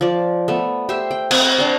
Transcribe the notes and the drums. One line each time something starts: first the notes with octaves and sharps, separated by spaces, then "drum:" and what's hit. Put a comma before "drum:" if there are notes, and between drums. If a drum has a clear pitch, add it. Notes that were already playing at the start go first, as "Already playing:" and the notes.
F3 D5
A3 B3
G4 C5 E5
G5
C4, drum: cymbal
D4 C6